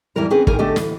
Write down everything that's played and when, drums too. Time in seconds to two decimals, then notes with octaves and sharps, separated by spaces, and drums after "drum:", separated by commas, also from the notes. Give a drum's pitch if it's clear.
0.16 F2 E3 G3 E4 A#4 A#5
0.30 C4 C#4 G#4 B4
0.47 D2 A2 D#3 A#3 A#4 G#5, drum: kick
0.59 D3 A3 D4 G4 A4 D#5
0.76 D2 E3, drum: snare